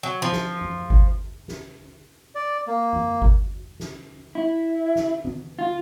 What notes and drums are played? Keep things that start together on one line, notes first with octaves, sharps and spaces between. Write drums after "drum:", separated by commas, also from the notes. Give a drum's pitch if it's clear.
F#3
F3
drum: snare
drum: tom F#2
drum: kick G1
drum: snare
D5
A#3
drum: tom F#2
drum: kick G1
drum: snare
E4
drum: snare
drum: tom
F4